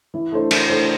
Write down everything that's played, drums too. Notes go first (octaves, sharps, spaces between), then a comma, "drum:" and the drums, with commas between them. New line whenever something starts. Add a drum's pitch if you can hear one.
E3
A3 D4 A4 C5
E3, drum: cymbal
A3 D4 A4 C5